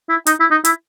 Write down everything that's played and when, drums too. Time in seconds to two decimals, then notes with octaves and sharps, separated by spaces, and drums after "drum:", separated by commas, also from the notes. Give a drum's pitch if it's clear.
0.09 E4
0.26 D#4, drum: hi-hat
0.40 E4
0.51 D#4
0.65 E4, drum: hi-hat